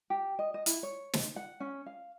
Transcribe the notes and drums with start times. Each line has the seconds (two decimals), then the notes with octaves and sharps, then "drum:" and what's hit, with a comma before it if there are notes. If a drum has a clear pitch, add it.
0.10 G4
0.39 D#5
0.54 D#5
0.66 E4, drum: hi-hat
0.83 C#5
1.13 D#4, drum: snare
1.36 F#5
1.60 C#4
1.86 F5